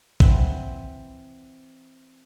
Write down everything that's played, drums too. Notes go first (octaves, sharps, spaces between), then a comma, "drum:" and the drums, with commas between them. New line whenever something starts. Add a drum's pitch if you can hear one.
E3 C4 F#5 B5, drum: kick A#1